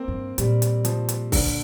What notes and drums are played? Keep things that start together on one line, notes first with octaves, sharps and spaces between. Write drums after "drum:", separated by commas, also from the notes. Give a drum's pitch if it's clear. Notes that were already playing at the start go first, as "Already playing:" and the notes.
Already playing: A#3 C4
G2
A#2 G3, drum: hi-hat
drum: hi-hat
F3, drum: hi-hat
drum: hi-hat
D3, drum: kick C2, open hi-hat